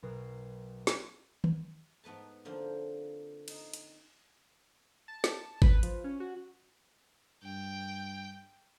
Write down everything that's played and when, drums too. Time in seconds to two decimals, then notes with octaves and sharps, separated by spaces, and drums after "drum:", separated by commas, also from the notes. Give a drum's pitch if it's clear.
0.03 B1 B2 A#4 F#6 C7
0.87 drum: snare
1.44 drum: tom D#3
2.04 G#2 B3 B4 A5
2.45 D3 F3 A#3 C4
3.48 D#4, drum: cymbal
3.74 drum: hi-hat
5.08 A5
5.24 drum: snare
5.62 B4, drum: kick G#1
5.83 F3, drum: hi-hat
6.04 C#4
6.20 F#4
7.43 G2 G5